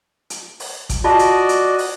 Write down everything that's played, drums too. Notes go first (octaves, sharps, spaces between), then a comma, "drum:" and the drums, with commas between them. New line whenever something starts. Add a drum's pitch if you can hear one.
drum: hi-hat
drum: open hi-hat
drum: kick G#1, hi-hat
F4 F#4 D5 D#5 A5
drum: hi-hat
drum: hi-hat
drum: open hi-hat